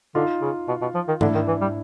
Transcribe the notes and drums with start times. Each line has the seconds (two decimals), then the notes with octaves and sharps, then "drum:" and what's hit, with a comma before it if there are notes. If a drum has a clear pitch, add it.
0.15 D3 D#4 F4
0.41 C#3
0.68 B2
0.82 B2
0.95 F3
1.08 D#3
1.21 D3 D4 E4, drum: tom
1.35 D#3
1.48 E3
1.61 G3